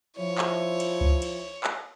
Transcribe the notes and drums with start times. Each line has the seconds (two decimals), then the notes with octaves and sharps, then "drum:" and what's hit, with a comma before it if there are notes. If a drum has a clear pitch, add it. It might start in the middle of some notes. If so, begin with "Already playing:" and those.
0.17 F3 E4 C#5
0.38 drum: clap
0.80 drum: cymbal
1.01 drum: kick C#2
1.22 drum: cymbal
1.64 drum: clap